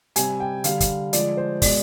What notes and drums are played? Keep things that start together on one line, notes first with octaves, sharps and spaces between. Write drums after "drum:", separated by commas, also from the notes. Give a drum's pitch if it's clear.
C3 G3 G#5, drum: hi-hat
G5
D3 G3 F5, drum: hi-hat
drum: kick, hi-hat
D3 F3 G#3 D5, drum: hi-hat
C5
B2 G#3 D5, drum: kick, open hi-hat